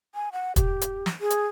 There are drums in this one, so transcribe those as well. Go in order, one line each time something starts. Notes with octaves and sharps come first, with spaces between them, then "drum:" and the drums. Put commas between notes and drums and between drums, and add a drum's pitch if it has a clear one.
G#5
F#5
G4, drum: kick, hi-hat
drum: hi-hat
drum: snare
G#4
drum: hi-hat